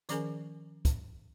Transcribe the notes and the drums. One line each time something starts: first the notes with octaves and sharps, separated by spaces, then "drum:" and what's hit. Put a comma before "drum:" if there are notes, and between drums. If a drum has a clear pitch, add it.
D#3 F3 C#4 G#4 A#4 G#5, drum: hi-hat
drum: kick, hi-hat